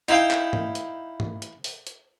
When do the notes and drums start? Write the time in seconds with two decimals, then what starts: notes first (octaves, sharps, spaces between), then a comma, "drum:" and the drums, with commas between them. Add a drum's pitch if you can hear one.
0.08 D#4 E4 F5 G5, drum: hi-hat
0.31 drum: clap
0.53 drum: tom G#2
0.75 drum: hi-hat
1.20 drum: tom G#2
1.42 drum: hi-hat
1.64 drum: open hi-hat
1.87 drum: hi-hat